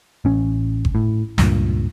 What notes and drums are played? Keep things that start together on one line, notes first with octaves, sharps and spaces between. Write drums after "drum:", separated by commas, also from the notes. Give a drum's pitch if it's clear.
A1 C#4
drum: kick G1
A2
C#2 G2 A#2, drum: snare